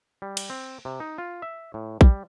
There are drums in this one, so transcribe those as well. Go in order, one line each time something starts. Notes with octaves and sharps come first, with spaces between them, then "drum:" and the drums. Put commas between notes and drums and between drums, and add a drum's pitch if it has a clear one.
G3
drum: cymbal
C4
C3
D#4
F4
E5
A2
G3, drum: kick A#1